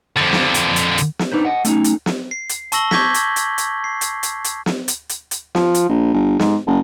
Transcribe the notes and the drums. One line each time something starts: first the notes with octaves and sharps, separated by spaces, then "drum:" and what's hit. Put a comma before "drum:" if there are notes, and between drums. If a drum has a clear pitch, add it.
F2 D3
drum: snare
drum: hi-hat
drum: hi-hat
drum: hi-hat
drum: snare
D4 D#4 B4 C5
D#5 F#5
A3 C#4 D#4, drum: hi-hat
drum: hi-hat
drum: snare
C7
drum: hi-hat
A5 C#6 E6 A#6 F#7 G7, drum: hi-hat
C#6 D6 G6 G#6 A#6 B6, drum: snare
drum: hi-hat
drum: hi-hat
drum: hi-hat
C7
drum: hi-hat
drum: hi-hat
drum: hi-hat
drum: snare
drum: hi-hat
drum: hi-hat
drum: hi-hat
F3, drum: snare
drum: hi-hat
A#1
G1
G#2, drum: snare
F#1